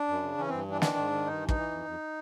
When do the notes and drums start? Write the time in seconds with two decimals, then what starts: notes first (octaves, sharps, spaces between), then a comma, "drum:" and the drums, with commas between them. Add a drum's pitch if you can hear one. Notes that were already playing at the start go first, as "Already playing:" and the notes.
Already playing: D4
0.08 F#2
0.23 C#3
0.38 E3 C#4
0.49 G2 C4
0.68 E3 D4
0.82 D#3 D4, drum: snare
0.97 G#2
1.11 D#3
1.26 G2 D#4
1.41 E3
1.49 D#4, drum: kick
1.56 E3
1.71 F2
1.86 F2